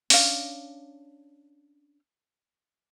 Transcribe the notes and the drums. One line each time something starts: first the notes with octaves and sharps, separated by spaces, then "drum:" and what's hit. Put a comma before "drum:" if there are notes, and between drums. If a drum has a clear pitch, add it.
C#4 D4 F5, drum: open hi-hat